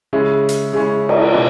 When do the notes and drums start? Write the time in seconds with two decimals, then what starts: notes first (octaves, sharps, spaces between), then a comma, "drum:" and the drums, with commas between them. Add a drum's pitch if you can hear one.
0.13 C#3 G#3 C#4 E4
0.49 drum: hi-hat
0.73 C#3 G#3 C#4 E4
1.09 drum: cymbal
1.34 B2